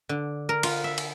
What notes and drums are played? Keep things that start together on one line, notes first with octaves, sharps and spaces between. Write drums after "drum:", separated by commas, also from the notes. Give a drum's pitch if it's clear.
D3
A#4
F4, drum: cymbal
E5
drum: cymbal